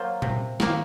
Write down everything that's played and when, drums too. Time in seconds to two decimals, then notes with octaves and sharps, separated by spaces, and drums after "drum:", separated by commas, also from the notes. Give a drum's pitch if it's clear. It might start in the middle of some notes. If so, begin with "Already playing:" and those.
Already playing: F#3 A#3 F4 C5
0.22 C3, drum: tom A#2
0.60 D#3 A#3, drum: snare